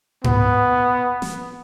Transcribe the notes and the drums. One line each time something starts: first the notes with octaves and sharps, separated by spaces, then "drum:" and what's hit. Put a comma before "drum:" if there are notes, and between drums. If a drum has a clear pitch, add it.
B3, drum: tom G#2
drum: snare